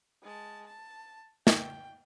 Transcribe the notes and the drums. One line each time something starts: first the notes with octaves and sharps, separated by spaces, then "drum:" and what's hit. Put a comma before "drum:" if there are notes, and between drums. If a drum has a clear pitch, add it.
G#3 A5
A5
G5, drum: snare